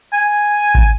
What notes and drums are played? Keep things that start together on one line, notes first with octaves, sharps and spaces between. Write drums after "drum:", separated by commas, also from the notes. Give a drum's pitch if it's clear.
G#5
drum: kick G#1